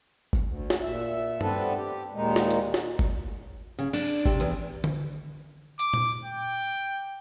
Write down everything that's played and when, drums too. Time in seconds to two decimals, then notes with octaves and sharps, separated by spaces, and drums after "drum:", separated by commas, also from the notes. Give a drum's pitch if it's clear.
0.33 drum: kick
0.45 D2
0.70 drum: snare
0.83 A#2 E5
1.41 G3 B3 C4 D4 A4 B4, drum: tom G2
1.75 G4
2.13 D#2 A#2 D#3 G#3 D#4
2.36 drum: snare
2.51 drum: hi-hat
2.74 drum: snare
2.99 drum: kick
3.79 C#3
3.93 D4, drum: cymbal
4.26 C3, drum: kick
4.40 E2
4.84 drum: tom D3
5.79 D6, drum: hi-hat
5.94 drum: tom A#2
6.24 G5